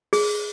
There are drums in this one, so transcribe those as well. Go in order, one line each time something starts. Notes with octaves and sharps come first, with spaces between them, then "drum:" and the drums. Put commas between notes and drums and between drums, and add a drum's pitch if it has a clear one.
G#4, drum: open hi-hat